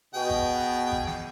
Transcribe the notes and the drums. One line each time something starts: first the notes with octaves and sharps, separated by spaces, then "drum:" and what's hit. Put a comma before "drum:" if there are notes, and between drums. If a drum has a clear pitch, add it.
B2 G#4 G5
drum: kick G#1
drum: kick G#1
drum: snare